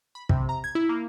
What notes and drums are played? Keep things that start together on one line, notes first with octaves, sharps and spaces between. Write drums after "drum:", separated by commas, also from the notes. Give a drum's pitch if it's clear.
B5
C3, drum: kick
A#5
G#6
E4
A#3